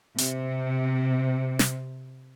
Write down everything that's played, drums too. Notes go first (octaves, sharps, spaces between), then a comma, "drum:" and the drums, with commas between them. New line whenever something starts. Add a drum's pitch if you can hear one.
C3, drum: hi-hat
drum: snare